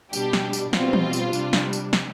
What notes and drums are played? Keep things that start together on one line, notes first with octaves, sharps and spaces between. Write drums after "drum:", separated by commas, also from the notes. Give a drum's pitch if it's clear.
B2 G3 D4 G4, drum: tambourine
drum: snare
drum: tambourine
B2 G3 C4 F4, drum: snare
drum: tom E3
drum: tambourine
C3 G3 D4, drum: tambourine
drum: snare
drum: tambourine
drum: snare